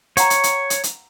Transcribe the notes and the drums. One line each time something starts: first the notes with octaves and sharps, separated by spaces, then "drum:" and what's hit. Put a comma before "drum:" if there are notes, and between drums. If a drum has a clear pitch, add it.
C#5 F5 F#5 A#5, drum: hi-hat
drum: hi-hat
drum: hi-hat
drum: hi-hat
drum: hi-hat